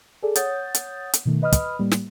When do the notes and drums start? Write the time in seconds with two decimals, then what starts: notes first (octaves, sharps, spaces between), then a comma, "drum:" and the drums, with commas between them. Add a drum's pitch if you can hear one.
0.23 G#4 A4 D5
0.36 C#5 F#5 D#6 G6 A6, drum: hi-hat
0.74 drum: hi-hat
1.13 drum: hi-hat
1.25 B2 D#3 A3
1.42 B4 D#5 B5 D#6 F6
1.52 drum: kick, hi-hat
1.79 A2 G3 A#3
1.91 drum: snare